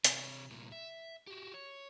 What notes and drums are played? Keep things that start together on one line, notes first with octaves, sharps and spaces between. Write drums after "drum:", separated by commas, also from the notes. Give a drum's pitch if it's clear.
C3 C#5, drum: hi-hat
C2 A#2
E5
F#4 G4
C#5